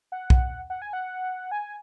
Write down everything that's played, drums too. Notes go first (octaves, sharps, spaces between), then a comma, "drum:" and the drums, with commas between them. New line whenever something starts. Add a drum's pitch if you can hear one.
F#5
drum: kick B1
F#5
G#5
F#5
G#5